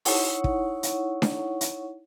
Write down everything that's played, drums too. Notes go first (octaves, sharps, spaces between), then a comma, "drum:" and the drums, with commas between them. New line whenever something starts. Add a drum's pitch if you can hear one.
D#4 E4 C#5 F#5 C#6, drum: open hi-hat
drum: kick
drum: hi-hat
drum: snare D4
drum: hi-hat